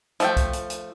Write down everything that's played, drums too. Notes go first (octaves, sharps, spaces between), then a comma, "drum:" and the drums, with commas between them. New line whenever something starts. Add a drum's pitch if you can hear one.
F3 A3 G5, drum: hi-hat
drum: kick C2, hi-hat
drum: hi-hat
drum: hi-hat